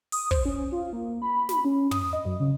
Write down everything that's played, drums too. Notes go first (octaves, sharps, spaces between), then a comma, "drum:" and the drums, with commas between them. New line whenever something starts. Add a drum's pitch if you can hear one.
D#6, drum: open hi-hat
C5, drum: kick
C#4
F4
A#3
B5
B5, drum: snare
C#4
D#6, drum: tom
D#5
F#2
C#3